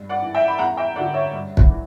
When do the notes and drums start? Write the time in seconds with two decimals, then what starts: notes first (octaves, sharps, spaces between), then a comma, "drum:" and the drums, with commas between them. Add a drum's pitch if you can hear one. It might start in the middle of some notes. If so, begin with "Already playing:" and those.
Already playing: G2
0.09 D5 F#5
0.22 E3
0.34 E5 G5
0.48 B5
0.59 E2 F#5 A#5
0.77 E5 G5
0.96 D3 F#3 D5 F#5
1.14 C#5 E5
1.33 G2
1.57 drum: kick
1.70 E3